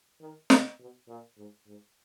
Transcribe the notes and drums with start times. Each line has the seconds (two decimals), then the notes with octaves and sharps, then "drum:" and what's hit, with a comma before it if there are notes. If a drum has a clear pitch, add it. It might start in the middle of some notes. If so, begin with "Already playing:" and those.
0.20 D#3
0.50 C#3, drum: snare
0.79 B2
1.07 A#2
1.37 G#2
1.66 G#2